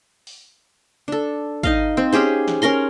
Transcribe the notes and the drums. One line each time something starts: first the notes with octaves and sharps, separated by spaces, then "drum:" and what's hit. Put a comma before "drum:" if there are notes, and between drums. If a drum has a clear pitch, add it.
drum: open hi-hat
D4 A4
D#4 D#5 F5, drum: kick
C4
C#4 G4 G#4 C5
drum: snare
C#4 A#4 A#5 C6